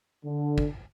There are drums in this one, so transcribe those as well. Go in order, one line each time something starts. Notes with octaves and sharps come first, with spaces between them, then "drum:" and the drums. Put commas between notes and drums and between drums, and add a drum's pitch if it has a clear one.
D3
drum: kick